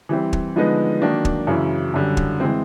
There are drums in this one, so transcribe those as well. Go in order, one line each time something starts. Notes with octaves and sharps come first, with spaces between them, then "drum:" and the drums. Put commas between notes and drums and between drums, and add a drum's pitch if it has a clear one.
E3 G3 C4
drum: kick
D3 F3 G#3 B3 D#4
D#3 F#3 A#3 D4
drum: kick
F#2 C#3 E3
F#2 D3 G3
drum: kick
E3 G#3 C4